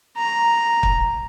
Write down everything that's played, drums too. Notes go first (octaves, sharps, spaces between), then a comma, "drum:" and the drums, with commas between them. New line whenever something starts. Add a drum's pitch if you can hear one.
A#5
drum: kick